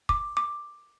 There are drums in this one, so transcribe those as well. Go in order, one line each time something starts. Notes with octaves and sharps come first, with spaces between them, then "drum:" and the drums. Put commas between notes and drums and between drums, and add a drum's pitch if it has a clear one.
D6, drum: kick
D6